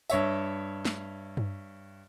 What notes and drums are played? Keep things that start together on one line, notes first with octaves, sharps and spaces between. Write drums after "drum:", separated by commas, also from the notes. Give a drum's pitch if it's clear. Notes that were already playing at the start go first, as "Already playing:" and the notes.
G2 C#5 E5, drum: tambourine
drum: snare
drum: tom G2